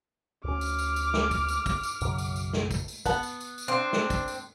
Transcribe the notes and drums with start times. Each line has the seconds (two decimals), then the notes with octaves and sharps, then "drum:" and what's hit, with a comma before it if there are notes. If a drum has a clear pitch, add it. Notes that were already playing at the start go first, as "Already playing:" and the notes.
0.44 D2 C#4 D6 F6
0.61 drum: tambourine
0.79 drum: tambourine
0.96 drum: tambourine
1.14 drum: snare
1.31 drum: kick, tambourine
1.48 drum: tambourine
1.66 drum: kick, tambourine
1.83 drum: tambourine
2.01 B1 F#2 C#3, drum: tambourine
2.18 drum: tambourine
2.36 drum: tambourine
2.53 drum: snare
2.71 drum: kick, tambourine
2.88 drum: tambourine
3.06 B3 F#5 A5, drum: kick, tambourine
3.23 drum: tambourine
3.40 drum: tambourine
3.58 drum: tambourine
3.68 C4 D4
3.93 drum: snare
4.10 drum: kick, tambourine
4.28 drum: tambourine